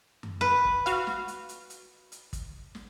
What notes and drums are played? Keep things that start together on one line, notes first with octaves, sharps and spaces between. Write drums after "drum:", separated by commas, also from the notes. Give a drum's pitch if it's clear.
drum: tom F#2
B4
drum: kick
F#4 F5, drum: hi-hat
drum: snare
drum: hi-hat
drum: hi-hat
drum: hi-hat
drum: hi-hat
drum: kick, hi-hat
drum: snare